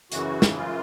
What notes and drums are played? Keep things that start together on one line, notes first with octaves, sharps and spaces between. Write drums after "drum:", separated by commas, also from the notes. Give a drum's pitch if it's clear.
F#2 C#3 E3 F#4, drum: hi-hat
drum: snare
F4